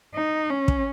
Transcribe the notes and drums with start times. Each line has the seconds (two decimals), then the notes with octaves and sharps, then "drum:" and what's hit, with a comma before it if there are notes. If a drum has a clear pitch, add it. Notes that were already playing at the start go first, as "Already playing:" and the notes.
0.14 D#4
0.50 C#4
0.68 drum: kick